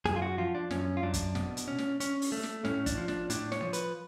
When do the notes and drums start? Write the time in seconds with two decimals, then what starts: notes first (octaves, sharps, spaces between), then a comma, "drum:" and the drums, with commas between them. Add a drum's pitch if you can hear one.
0.05 F#2 G#4, drum: snare
0.16 F4
0.22 F#4
0.38 F3 F4
0.55 D4
0.71 F#2 C#4, drum: snare
0.97 F4
1.03 F#2 D4
1.14 drum: kick, hi-hat
1.35 B2, drum: snare
1.57 drum: hi-hat
1.68 C#4
1.78 drum: snare
2.00 C#4, drum: hi-hat
2.22 drum: open hi-hat
2.32 A3
2.43 drum: snare
2.65 A2 C#4, drum: snare
2.86 D4, drum: kick, hi-hat
2.98 F3
3.08 D4, drum: snare
3.30 A2 D4, drum: hi-hat
3.52 C#5, drum: snare
3.62 F3
3.73 B4, drum: hi-hat